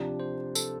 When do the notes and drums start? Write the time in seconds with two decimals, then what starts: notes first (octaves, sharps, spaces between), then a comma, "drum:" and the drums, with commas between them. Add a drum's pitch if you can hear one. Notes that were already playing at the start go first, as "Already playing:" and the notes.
Already playing: C3 F3 D4 G4
0.20 C5
0.55 A4, drum: tambourine